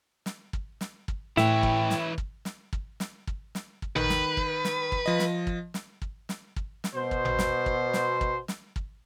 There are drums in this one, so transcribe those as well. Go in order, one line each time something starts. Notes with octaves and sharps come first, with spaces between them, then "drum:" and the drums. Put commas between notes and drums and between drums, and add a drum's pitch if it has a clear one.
drum: snare
drum: kick
drum: snare
drum: kick
A2 E3 E4 C#5 G5, drum: snare
drum: kick
drum: snare
drum: kick
drum: snare
drum: kick
drum: snare
drum: kick
drum: snare
drum: kick
D#3 B4, drum: tom G#1
drum: snare
drum: kick
drum: snare
drum: kick
F3 D#5
drum: snare
drum: kick
drum: snare
drum: kick
drum: snare
drum: kick
drum: snare
B2 C5
drum: kick
drum: tom G#1
drum: snare
drum: kick
drum: snare
drum: kick
drum: snare
drum: kick